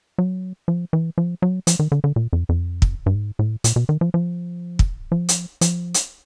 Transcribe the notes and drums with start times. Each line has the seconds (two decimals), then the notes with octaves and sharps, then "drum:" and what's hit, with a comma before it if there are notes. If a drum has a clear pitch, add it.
0.18 F#3
0.68 F3
0.93 E3
1.18 F3
1.42 F#3
1.67 F3, drum: hi-hat
1.79 D#3
1.92 D3
2.04 D3
2.16 A#2
2.33 F2
2.49 F2
2.82 drum: kick
3.06 G2
3.14 G#2
3.39 A2
3.64 A#2, drum: hi-hat
3.76 B2
3.89 D#3
4.01 F3
4.14 F3
4.79 drum: kick
5.12 F3
5.29 drum: hi-hat
5.61 F3, drum: hi-hat
5.94 drum: hi-hat